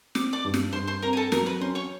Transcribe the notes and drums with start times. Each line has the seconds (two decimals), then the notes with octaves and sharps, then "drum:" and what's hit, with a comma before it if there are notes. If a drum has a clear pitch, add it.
0.15 C4 D6, drum: snare
0.33 D5 D6
0.44 G2
0.54 drum: snare
0.73 G2 C5 C6
0.87 C5 C6
1.02 C4 A#4 A#5
1.13 G#5
1.17 A4 A5
1.32 F#3 A#4 A#5, drum: snare
1.46 B4 B5
1.61 C#4 C5 C6
1.75 C#5 C#6